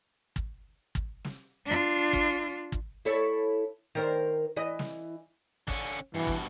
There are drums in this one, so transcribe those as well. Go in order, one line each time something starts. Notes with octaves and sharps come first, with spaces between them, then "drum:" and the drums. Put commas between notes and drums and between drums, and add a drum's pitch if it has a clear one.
drum: kick
drum: kick
drum: snare
D4 F4
drum: kick
drum: kick
E4 A4 C#5
D#3 A#4 C5
E3 D#5
drum: snare
D3 C#4, drum: kick
G2 B2 E3
drum: kick